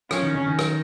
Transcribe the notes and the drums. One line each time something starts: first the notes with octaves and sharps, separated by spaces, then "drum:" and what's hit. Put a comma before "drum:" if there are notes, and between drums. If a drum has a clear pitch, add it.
F3 C#4, drum: rim click
D#3
C#3
D#3
drum: rim click